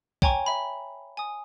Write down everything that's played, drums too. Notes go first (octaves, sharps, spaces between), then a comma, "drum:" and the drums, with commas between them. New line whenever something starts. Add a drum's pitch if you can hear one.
C#5 G5 G#5 A#5 C6 C#6, drum: kick B1
E5 B5
G#5 D#6